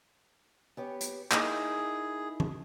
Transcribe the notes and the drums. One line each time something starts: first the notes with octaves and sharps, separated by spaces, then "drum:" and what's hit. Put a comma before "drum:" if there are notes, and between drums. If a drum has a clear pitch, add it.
B3 G4 C#5
drum: hi-hat
A#3 D#4 E4 G#4, drum: clap
drum: tom E3